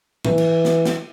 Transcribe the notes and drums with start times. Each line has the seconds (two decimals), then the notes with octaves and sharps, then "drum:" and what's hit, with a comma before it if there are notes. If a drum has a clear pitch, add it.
0.25 E3, drum: tom G#2
0.38 drum: cymbal
0.65 drum: snare
0.86 drum: snare